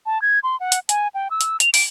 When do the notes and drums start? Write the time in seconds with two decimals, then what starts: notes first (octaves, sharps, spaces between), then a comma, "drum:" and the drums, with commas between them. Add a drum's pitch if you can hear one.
0.06 A5
0.22 G#6
0.43 C6
0.60 F#5
0.72 drum: hi-hat
0.89 G#5, drum: hi-hat
1.15 G5
1.31 E6
1.41 drum: hi-hat
1.60 F7, drum: hi-hat
1.74 D7, drum: open hi-hat